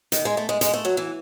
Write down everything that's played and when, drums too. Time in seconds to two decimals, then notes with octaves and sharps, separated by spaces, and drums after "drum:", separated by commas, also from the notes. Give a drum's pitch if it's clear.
0.12 D#3, drum: hi-hat
0.25 G#3
0.37 A3
0.49 G#3
0.61 G#3, drum: hi-hat
0.74 A3
0.85 F#3
0.97 E3